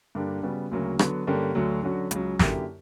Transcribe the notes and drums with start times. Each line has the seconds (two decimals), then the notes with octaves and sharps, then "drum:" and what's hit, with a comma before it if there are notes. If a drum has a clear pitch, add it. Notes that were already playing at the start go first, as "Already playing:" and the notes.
0.15 G2 D3 A#3 D4 G4
0.43 C#3 G3 B3 F#4
0.71 D2 C#3 F#3 A#3
0.99 D3 F#3 B3, drum: rim click
1.27 G2 D3 A#3 C#4 G4
1.55 D2 D3 F#3
1.83 D3 F#3 C#4 F#4
2.11 C#2 C#3 F#3, drum: hi-hat
2.39 F#2 D3 A#3 E4 G4, drum: snare